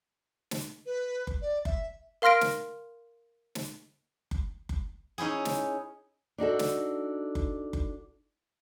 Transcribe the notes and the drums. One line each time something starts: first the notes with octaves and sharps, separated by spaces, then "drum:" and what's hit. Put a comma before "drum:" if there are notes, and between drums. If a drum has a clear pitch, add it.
drum: snare
B4
drum: kick F#1
D5
E5, drum: kick F#1
A#4 F5 C6 F6 A#6 D7
drum: snare
drum: snare
drum: kick F#1
drum: kick F#1
C#4 D#4 E4 G#4
drum: snare
D4 D#4 F#4 A4
drum: snare
drum: kick F#1
drum: kick F#1